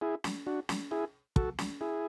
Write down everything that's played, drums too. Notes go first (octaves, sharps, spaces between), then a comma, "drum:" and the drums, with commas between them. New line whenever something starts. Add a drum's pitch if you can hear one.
E4 G#4
drum: snare
D4 F#4
drum: snare
E4 G#4
F#4 A4, drum: kick
drum: snare
E4 G#4